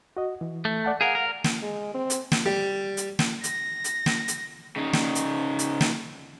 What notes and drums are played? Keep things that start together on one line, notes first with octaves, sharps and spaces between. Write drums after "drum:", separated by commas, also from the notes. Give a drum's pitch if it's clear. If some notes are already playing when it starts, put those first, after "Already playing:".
F#4 D#5
E3
A3
D5 F#5 A5
G#4 A#4 F5 F#5
A#4
drum: snare
G#3
C4
drum: hi-hat
drum: snare
G3
drum: hi-hat
drum: snare
A#6, drum: hi-hat
drum: hi-hat
drum: snare
drum: hi-hat
C#3 D#4
drum: snare
drum: hi-hat
drum: hi-hat
drum: snare